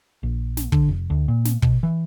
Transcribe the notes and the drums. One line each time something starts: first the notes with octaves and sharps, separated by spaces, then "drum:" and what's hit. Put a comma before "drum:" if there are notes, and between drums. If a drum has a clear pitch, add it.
A#1
drum: snare
D3, drum: kick
F1
D2
A#2
drum: snare
B2, drum: kick
E3